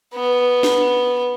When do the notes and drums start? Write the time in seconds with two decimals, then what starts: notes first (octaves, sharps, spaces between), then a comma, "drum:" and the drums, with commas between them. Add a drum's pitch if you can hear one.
0.14 B3
0.63 drum: snare